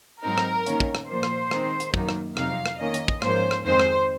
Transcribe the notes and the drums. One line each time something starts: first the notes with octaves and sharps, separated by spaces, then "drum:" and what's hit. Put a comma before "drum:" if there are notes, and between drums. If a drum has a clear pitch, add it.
G#2 F#3 C4 D#4 A#4
drum: rim click
D#3 A#3 C#4, drum: hi-hat
drum: kick
drum: rim click
A#2 F3 A#3 C5
drum: rim click
D#3 G#3 C4 D#4, drum: rim click
drum: hi-hat
F#2 D#3 F#3 A#3 D#4, drum: kick
drum: rim click
F2 C3 F#3 C4 D#4 F5, drum: rim click
drum: rim click
D#3 A#3 C#4 D#5
drum: hi-hat
drum: kick
G#2 F3 A#3 C#4 C5, drum: rim click
drum: rim click
F2 D#3 G#3 C4 C5
drum: rim click